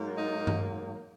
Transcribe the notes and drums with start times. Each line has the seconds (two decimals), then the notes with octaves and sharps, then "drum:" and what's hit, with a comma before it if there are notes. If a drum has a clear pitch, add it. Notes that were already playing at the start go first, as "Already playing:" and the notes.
Already playing: G#2 F#3 A#3
0.16 D#4
0.47 drum: tom G2